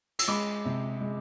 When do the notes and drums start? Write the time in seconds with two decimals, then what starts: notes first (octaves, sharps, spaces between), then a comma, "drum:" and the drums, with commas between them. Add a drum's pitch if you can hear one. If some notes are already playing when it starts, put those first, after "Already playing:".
0.19 E6, drum: cymbal
0.28 G#3 B5 D6
0.65 C3
1.01 G#3